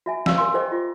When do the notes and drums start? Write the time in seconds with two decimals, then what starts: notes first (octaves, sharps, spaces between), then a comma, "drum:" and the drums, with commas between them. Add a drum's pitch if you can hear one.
0.06 F#4 E5 G#5
0.26 G4 D5 F5 E6, drum: snare
0.38 A#4 G#5 C6
0.54 G4 A4 C5 D#5 G5 D6
0.72 F4